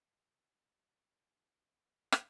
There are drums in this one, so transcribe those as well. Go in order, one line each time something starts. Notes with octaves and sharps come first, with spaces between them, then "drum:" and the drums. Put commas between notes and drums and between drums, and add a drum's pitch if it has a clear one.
B4
F4
B4
D#4 B5 D6
D#4
B4 C6 D#6
G#4
drum: rim click